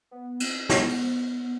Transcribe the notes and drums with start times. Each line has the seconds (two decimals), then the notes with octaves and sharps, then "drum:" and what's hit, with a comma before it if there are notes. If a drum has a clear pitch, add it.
0.11 B3
0.40 C4, drum: cymbal
0.69 B3, drum: snare
0.89 drum: open hi-hat